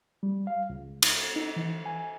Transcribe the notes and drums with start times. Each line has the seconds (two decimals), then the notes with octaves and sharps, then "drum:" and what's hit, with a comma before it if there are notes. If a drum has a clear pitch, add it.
0.23 G3
0.47 F5
0.70 C#2
1.02 drum: cymbal
1.36 D#4
1.56 E3
1.86 G#5